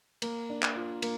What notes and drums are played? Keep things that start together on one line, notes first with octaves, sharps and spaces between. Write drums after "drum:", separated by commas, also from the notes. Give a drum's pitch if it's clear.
A#3, drum: cymbal
D4
drum: clap
F4
A#3, drum: cymbal